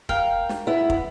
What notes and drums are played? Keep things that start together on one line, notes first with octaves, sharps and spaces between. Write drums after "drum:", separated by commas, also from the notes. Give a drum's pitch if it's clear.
A#4 F5 G5, drum: kick
drum: snare
B3 E4 E5
drum: kick